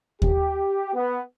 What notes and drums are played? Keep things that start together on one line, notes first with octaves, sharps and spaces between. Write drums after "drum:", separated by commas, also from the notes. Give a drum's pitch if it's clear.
G4, drum: kick D#2
B3